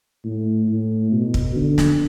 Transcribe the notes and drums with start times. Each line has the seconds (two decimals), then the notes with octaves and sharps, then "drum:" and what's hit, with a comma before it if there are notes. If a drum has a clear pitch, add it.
0.25 A2
0.69 A2
1.12 B2
1.34 drum: kick
1.56 D3
1.78 drum: snare